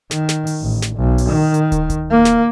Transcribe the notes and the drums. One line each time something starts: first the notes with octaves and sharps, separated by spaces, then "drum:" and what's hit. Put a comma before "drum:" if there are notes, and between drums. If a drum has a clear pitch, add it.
D#3, drum: snare
drum: snare
drum: open hi-hat
A1
drum: snare
B1
drum: open hi-hat
D#3
drum: hi-hat
drum: kick, hi-hat
drum: kick, hi-hat
A#3
drum: snare